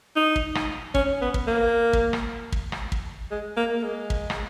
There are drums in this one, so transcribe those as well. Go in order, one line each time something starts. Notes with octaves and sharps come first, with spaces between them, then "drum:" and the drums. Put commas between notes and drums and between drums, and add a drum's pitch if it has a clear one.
D#4
drum: kick
drum: rim click
C#4, drum: kick
B3
drum: kick
A#3
drum: kick
drum: rim click
drum: kick
drum: rim click
drum: kick
G#3
A#3
A#3
G#3
drum: kick
drum: rim click